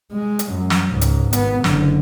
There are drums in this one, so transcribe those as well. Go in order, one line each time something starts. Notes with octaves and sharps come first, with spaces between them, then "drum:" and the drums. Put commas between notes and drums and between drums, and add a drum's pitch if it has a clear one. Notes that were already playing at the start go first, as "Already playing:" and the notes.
G#3
drum: hi-hat
F#2
drum: snare
C#2 G#2
drum: hi-hat
G#1 B3, drum: hi-hat
F#1 D3, drum: snare